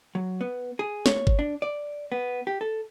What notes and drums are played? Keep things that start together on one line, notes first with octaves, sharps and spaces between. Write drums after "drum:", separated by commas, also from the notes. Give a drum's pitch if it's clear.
F#3
B3
G#4
C#5, drum: snare
drum: kick G1
D4
D5
B3
G4
A4